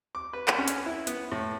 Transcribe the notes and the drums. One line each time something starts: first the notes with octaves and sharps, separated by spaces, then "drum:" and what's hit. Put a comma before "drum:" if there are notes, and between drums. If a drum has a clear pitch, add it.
D6
B4
drum: clap
C#4
drum: hi-hat
E4
B3, drum: hi-hat
A2